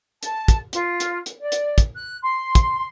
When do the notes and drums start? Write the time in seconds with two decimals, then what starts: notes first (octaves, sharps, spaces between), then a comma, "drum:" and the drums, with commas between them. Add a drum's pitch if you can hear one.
0.23 A5, drum: hi-hat
0.48 drum: kick, hi-hat
0.73 F4, drum: hi-hat
1.00 drum: hi-hat
1.26 drum: hi-hat
1.40 D5
1.52 drum: hi-hat
1.78 drum: kick, hi-hat
1.96 F#6
2.21 C6
2.55 drum: kick, hi-hat